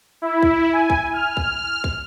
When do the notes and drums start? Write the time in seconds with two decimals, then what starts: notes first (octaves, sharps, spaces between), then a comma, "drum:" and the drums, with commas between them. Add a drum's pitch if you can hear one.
0.22 E4
0.43 drum: kick
0.73 G#5
0.90 drum: kick
1.13 F6
1.37 drum: kick
1.84 drum: kick